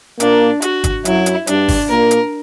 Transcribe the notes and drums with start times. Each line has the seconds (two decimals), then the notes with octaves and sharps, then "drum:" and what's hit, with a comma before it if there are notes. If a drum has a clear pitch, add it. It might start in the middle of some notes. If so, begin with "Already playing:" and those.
0.20 A#2 A#3 D4, drum: hi-hat
0.62 F#4, drum: hi-hat
0.84 drum: kick, hi-hat
1.05 F#2 F#3 E4, drum: hi-hat
1.26 drum: hi-hat
1.47 G2 G3 D4, drum: hi-hat
1.68 drum: kick, open hi-hat
1.89 A#2 A#3 A#4
2.11 drum: hi-hat